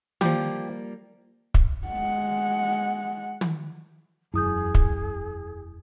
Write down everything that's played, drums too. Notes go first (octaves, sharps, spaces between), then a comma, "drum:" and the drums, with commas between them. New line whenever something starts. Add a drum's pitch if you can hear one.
F3 G3 A#3 F4 G4, drum: tom
drum: kick
G#3 F#5
drum: tom
E1 F#2 E4 G#4 D#6 G6
drum: kick